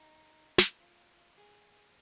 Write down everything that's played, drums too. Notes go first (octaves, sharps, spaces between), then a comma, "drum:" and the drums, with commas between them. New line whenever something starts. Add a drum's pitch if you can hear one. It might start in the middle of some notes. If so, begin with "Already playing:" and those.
Already playing: D#4
drum: snare
F4
G#4